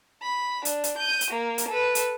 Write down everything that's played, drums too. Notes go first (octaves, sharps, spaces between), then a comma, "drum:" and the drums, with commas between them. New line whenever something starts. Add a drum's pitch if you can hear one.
B5
D4, drum: hi-hat
drum: hi-hat
G6 D#7
drum: hi-hat
A#3
drum: hi-hat
A4 B4
drum: hi-hat